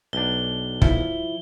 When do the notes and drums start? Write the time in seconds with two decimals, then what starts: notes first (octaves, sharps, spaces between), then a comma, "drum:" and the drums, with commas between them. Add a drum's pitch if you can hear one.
0.13 B1 D4 G7
0.82 F3 E4, drum: kick